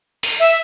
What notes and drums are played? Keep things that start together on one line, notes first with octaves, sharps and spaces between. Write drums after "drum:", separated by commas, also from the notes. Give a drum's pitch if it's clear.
drum: open hi-hat
E5